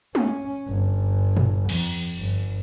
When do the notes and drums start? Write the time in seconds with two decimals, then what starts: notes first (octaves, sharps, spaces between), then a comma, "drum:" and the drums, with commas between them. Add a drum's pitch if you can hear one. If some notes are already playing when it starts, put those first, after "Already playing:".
0.15 C#4, drum: tom G#3
0.68 G1
1.37 drum: tom A2
1.69 F2, drum: cymbal
2.18 G1